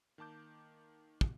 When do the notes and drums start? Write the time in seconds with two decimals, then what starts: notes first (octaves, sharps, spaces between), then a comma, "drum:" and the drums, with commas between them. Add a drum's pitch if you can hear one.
0.18 D#3 A#3 A5 D6 G6
1.21 drum: kick